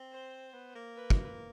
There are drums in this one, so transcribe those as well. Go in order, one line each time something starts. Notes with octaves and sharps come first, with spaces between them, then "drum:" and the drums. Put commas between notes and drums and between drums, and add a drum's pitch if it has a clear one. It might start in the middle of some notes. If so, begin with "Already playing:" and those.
Already playing: C4
C5
B3
A#3
B4
drum: kick